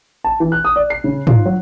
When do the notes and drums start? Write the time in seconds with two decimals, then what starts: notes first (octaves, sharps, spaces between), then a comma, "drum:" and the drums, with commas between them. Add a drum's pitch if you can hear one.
0.24 A5
0.40 E3
0.52 F#6
0.65 D#6
0.76 D5
0.90 C7
1.04 C#3
1.27 F4, drum: tom
1.45 F#3